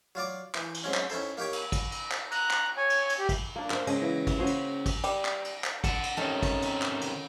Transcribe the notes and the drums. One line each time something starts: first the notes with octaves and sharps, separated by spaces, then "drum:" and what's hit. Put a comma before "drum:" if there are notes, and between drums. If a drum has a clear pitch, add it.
F#3 F4 D5 D6
E3, drum: clap
drum: cymbal
G#2 F#3 C4 C#4
drum: clap
C#4 D#4 E4 A4 C5
A#3 D#4 G4 C#5 G5
drum: cymbal
drum: kick, cymbal
drum: cymbal
drum: clap
A#5 F#6, drum: cymbal
drum: clap
C#5 G#5
drum: cymbal
drum: cymbal
G4
drum: kick, cymbal
A#3 D4
C4 A#4, drum: clap
C#3 G#3 G#4 D#5, drum: cymbal
E3
drum: kick, cymbal
C#3 F#4 G#4 C5
drum: cymbal
drum: kick, cymbal
G3, drum: cymbal
drum: clap
drum: cymbal
drum: clap
F#5 A5, drum: kick, cymbal
drum: cymbal
C3 D#3 C#4 D#4 A4
drum: kick, cymbal
drum: cymbal
drum: clap
drum: cymbal